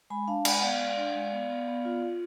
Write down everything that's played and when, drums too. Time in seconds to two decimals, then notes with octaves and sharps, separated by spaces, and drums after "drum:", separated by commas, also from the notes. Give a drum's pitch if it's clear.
0.10 G#3 G#5 B5
0.28 D4 F5 A5
0.45 G#3 G#5 B5, drum: cymbal
0.62 B3 D5 F5
0.80 G#3
0.97 D4
1.15 G#3
1.32 B3
1.50 B3
1.68 B3
1.85 F4
2.02 F4